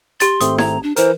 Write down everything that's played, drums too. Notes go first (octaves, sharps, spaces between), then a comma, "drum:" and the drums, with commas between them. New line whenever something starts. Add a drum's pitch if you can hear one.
G4 C6 A6, drum: hi-hat
G#1 A3 C4 D#6, drum: hi-hat
A#5 G#6, drum: snare E4
D4
E3 A#4 C5, drum: hi-hat